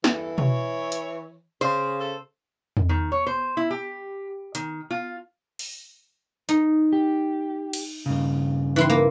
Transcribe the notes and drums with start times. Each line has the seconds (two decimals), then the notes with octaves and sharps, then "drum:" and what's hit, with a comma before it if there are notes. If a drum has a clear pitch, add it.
0.04 E2 G2 E3 A4, drum: snare
0.38 C#5, drum: tom B2
0.92 drum: hi-hat
1.61 C#3 C5
2.00 A4
2.77 drum: tom E2
2.89 D#3
3.12 C#5
3.27 C5
3.57 E4
3.71 G4
4.55 D#3, drum: hi-hat
4.91 F4
5.59 drum: open hi-hat
6.49 D#4, drum: hi-hat
6.93 G4
7.73 drum: cymbal
8.06 G2 C#3
8.76 E3 E4 C6
8.90 A#3